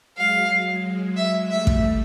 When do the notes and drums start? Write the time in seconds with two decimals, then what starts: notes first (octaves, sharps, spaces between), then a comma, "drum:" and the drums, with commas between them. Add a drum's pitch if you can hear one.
0.17 F#3 G#3 F5
0.84 F#3 G#3
1.17 E5
1.50 G3 A3 E5
1.67 drum: kick